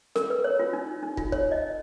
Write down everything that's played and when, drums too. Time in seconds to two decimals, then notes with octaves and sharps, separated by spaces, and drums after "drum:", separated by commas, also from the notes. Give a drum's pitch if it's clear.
0.16 A#4, drum: snare
0.30 B4
0.44 C#5
0.59 F4
0.73 D#4
1.03 D#4
1.17 F4, drum: kick
1.32 C#5, drum: kick
1.52 D#5